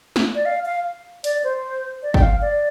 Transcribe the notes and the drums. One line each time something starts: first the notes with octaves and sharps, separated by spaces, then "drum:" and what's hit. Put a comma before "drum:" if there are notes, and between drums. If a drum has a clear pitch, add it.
drum: snare
D5
F5
F5
D5, drum: hi-hat
C5
D5
G5, drum: kick G1
F5
D5